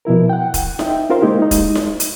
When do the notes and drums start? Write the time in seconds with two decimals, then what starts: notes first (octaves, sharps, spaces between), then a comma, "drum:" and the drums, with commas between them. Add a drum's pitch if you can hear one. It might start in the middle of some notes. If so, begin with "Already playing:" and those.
0.05 B2 F3 E4 A#4
0.29 F#5 G5
0.54 drum: kick, hi-hat
0.79 D#4 E5 G5, drum: snare E4
1.10 C#4 F4 A#4 C5 F5 C6
1.21 G#3 A#3 D#4 E4 G4
1.42 G#3 D#4
1.51 drum: kick, hi-hat
1.75 drum: snare E4
2.00 drum: hi-hat